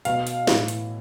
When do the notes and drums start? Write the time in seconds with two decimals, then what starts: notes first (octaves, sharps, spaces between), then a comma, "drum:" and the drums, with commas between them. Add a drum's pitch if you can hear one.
0.05 B2 F5, drum: hi-hat
0.27 drum: hi-hat
0.47 A2 E3, drum: snare
0.68 drum: hi-hat